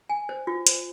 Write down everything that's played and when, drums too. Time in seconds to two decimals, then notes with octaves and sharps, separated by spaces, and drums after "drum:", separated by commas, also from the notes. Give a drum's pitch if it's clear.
0.09 G#5
0.29 C5
0.47 F4
0.67 C5, drum: hi-hat